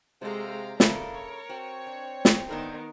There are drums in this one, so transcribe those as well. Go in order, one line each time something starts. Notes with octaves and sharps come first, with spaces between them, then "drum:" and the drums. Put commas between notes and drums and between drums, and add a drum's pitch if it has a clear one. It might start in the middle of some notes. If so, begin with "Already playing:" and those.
C3 G#3 F#4 A4 F5 G5 A#5
C#3 A#3 D4 A4 A#4 E5, drum: snare
C#5
C4 F#4
D4
drum: snare
D#3 A3 B3 D4 A#4 C5